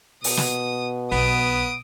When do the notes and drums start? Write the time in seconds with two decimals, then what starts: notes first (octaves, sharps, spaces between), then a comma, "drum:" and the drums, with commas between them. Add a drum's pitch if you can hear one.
0.24 B2 D#6, drum: open hi-hat
0.37 drum: snare
1.12 B1 B3 D#6 D7